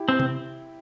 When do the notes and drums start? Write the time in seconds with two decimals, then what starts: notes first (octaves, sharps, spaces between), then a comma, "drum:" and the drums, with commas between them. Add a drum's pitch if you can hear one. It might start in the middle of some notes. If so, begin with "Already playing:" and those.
Already playing: E4 G4
0.09 C4
0.20 drum: tom C3